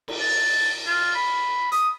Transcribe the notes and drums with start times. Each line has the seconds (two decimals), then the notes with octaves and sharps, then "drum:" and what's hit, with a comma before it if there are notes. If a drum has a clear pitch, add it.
0.08 drum: cymbal
0.20 A5
0.86 F4
1.15 B5
1.72 D#6, drum: hi-hat